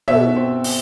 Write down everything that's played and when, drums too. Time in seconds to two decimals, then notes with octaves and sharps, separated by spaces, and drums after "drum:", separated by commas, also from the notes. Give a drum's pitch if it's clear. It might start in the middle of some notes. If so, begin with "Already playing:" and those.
0.08 B2 E5, drum: tom
0.36 C4
0.64 drum: open hi-hat